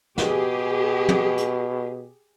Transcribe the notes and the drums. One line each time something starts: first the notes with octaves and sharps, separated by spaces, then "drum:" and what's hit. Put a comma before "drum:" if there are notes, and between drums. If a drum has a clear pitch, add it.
B2 G4 G#4, drum: snare
drum: tom
drum: hi-hat